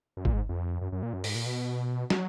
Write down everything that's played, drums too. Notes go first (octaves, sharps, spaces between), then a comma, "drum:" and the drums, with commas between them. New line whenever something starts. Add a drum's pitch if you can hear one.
F#2
A#2, drum: kick
G#2
F2
F#2
F#2
A#2
F#2
G#2, drum: open hi-hat
A#2
B2
F#3, drum: snare